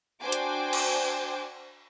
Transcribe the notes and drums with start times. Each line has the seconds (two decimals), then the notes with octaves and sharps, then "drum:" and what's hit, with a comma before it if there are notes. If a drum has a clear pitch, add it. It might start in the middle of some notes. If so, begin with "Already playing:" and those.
0.22 D4 F#4 C5 G5 G#5 D6
0.32 drum: hi-hat
0.73 drum: cymbal